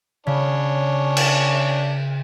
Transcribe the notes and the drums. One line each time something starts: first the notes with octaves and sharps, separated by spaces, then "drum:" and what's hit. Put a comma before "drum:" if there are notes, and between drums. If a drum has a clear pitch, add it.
C#3 C#4 D4
drum: cymbal